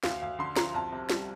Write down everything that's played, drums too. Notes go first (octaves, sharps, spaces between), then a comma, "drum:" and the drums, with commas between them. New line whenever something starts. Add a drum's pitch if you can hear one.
D2 F5, drum: snare
D2 F5
D3 C6
F3 A#5, drum: snare
C2 A5
C3
G3, drum: snare